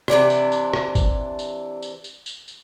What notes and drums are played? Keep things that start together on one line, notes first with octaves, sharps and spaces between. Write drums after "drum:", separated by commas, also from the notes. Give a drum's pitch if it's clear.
C3 E3 D4 E4, drum: rim click
drum: tambourine
drum: tambourine
drum: rim click
drum: kick, tambourine
drum: tambourine
drum: tambourine
drum: tambourine
drum: tambourine
drum: tambourine